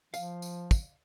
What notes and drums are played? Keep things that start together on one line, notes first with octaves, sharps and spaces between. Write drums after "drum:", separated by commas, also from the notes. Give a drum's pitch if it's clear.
F3 F5, drum: tambourine
drum: tambourine
drum: kick, tambourine